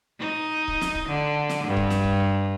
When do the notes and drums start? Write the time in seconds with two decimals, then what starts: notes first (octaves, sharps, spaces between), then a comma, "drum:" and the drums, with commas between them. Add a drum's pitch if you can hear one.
0.20 D#4
0.68 drum: kick C#1
0.81 drum: snare
0.95 drum: kick C#1
1.09 D3
1.49 drum: snare
1.67 G2
1.77 drum: kick C#1
1.90 drum: snare
2.04 drum: kick C#1